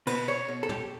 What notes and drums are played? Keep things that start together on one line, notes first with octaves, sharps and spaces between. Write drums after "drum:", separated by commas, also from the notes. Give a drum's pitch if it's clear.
B2 B4, drum: cymbal
C#5
B2
A4
G4, drum: tom